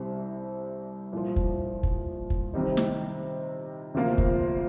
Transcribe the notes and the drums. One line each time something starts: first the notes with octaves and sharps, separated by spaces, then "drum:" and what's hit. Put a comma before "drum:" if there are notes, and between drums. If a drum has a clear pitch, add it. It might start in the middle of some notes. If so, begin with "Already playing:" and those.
Already playing: C2 C3 G3 C4
C2 A#2 F3
drum: kick
drum: kick
drum: kick
C3 D#3 G3 C4 D#4
drum: snare
D2 C3 F3 A#3 F4
drum: kick